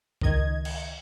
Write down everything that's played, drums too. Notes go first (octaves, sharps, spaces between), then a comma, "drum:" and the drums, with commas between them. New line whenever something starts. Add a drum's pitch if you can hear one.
C#2 D#3 D#5 G#6, drum: kick A#1
drum: cymbal